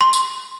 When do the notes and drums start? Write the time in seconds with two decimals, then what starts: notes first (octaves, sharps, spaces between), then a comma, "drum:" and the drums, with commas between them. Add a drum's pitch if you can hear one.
0.01 C6
0.13 drum: tambourine